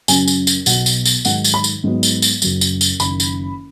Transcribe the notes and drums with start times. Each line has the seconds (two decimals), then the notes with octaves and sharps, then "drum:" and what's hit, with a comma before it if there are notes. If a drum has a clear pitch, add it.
0.08 F#2 C#3 F#3 C#4 G#5, drum: tambourine
0.28 drum: tambourine
0.47 drum: tambourine
0.66 B1 B2 F#3 B3 F#5, drum: tambourine
0.86 drum: tambourine
1.05 drum: tambourine
1.25 G#2 D#3 F#3 F#5, drum: tambourine
1.44 drum: tambourine
1.54 B5
1.64 drum: tambourine
1.84 G#2 F#3 B3
2.03 drum: tambourine
2.22 drum: tambourine
2.42 F#1 F#2 F#3, drum: tambourine
2.61 drum: tambourine
2.81 drum: tambourine
3.00 F#1 F#2 D#3 B5, drum: tambourine
3.20 drum: tambourine